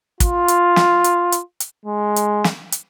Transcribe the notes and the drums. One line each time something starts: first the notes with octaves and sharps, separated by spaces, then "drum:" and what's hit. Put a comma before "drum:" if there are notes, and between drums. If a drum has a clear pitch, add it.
F4, drum: kick, hi-hat
drum: hi-hat
drum: snare
drum: hi-hat
drum: hi-hat
drum: hi-hat
G#3
drum: hi-hat
drum: snare
drum: hi-hat